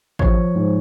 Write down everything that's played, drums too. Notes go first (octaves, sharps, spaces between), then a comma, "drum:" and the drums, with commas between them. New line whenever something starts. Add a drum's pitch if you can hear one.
F3 C#5, drum: kick G#1
G#2